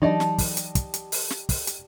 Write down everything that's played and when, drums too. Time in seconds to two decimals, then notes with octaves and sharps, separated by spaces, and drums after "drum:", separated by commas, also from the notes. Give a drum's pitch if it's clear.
0.02 E3 F#3 G3 D#4 D5 D#5 A5
0.20 drum: snare
0.38 drum: kick, open hi-hat
0.57 drum: hi-hat
0.75 drum: kick, hi-hat
0.94 drum: hi-hat
1.12 drum: open hi-hat
1.30 drum: snare
1.49 drum: kick, open hi-hat
1.67 drum: hi-hat